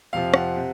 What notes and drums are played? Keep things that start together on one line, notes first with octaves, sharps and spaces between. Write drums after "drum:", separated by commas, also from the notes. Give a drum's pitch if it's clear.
F2 C3 F3 F5
F#5, drum: rim click
C3